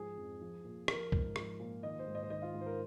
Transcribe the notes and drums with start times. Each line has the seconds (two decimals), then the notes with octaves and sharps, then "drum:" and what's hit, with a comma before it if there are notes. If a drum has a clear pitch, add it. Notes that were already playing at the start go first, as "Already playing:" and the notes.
Already playing: G#2 F3 G#4
0.17 F2
0.41 F3
0.64 A#2
0.88 F3 A#4, drum: rim click
1.12 G#2, drum: kick
1.36 F3, drum: rim click
1.60 A#2
1.83 D#3 D#5
1.99 C5
2.07 G#2
2.15 D#5
2.23 C5
2.30 D#3 D#5
2.42 F4
2.54 G#2
2.61 C5
2.66 A#4